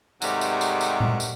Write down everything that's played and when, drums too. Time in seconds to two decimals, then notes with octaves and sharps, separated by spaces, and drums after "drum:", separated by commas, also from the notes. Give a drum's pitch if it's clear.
0.22 G#2 C3 D#3 F#3 G3 A3, drum: tambourine
0.41 drum: tambourine
0.61 drum: tambourine
0.81 drum: tambourine
1.00 drum: tom A#2
1.20 drum: tambourine